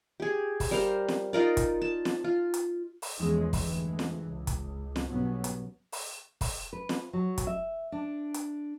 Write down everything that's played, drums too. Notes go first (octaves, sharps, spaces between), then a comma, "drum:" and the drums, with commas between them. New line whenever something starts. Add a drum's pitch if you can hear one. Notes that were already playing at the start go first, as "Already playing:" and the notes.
G4 G#4
drum: kick, open hi-hat
G3 A#4 C5 F5
drum: snare
D#4 F4 A#4 D5
drum: kick, hi-hat
A5
drum: snare
F4
drum: hi-hat
drum: open hi-hat
E2 E3 F3 G#3 C#4
D2 G2 E3 G#3, drum: kick, open hi-hat
drum: snare
C#2
drum: kick, hi-hat
drum: snare
B1 G2 F#3 B3 C#4
drum: hi-hat
drum: open hi-hat
drum: kick, open hi-hat
B4
drum: snare
F#3
drum: kick, hi-hat
E5
D4
drum: hi-hat